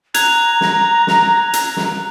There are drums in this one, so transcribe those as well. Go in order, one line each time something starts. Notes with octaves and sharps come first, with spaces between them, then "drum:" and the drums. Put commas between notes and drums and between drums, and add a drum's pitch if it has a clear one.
A#5 F#6 G#6 F7, drum: hi-hat
drum: snare
drum: snare
drum: hi-hat
drum: snare